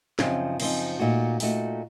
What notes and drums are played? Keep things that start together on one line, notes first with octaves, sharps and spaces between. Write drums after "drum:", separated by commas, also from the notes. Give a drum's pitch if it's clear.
F#2 C#3 F3 C4 D#4, drum: snare
F#2 C#3 F3 C4 D#4, drum: cymbal
A#2 A3 D#4 F#4
A#2 A3 D#4 F#4, drum: open hi-hat